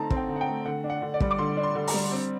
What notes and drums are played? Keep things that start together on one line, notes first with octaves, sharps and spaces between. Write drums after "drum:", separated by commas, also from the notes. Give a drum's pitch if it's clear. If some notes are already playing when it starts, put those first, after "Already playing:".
Already playing: D3 A3 C4 D#4 A5 A#5
C4, drum: kick
G5
D3
F#5
G5
A3
D3 F#5
D4
F#5
D3
D5
G3, drum: kick
D6
D3 C6
D4
C6
D3
A#5, drum: open hi-hat
G3
C4